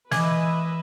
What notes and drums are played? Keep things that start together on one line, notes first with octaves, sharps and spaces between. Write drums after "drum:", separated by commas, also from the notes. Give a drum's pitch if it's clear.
E3 B4 D#5 E5 G#5 D6, drum: snare